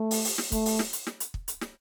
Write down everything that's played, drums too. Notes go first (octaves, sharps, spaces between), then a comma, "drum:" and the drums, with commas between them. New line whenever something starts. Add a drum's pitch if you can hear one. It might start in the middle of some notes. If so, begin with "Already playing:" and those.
Already playing: A3
drum: open hi-hat
drum: open hi-hat
drum: snare
A3, drum: kick, hi-hat
drum: open hi-hat
drum: snare
drum: hi-hat
drum: snare
drum: hi-hat
drum: kick
drum: hi-hat
drum: snare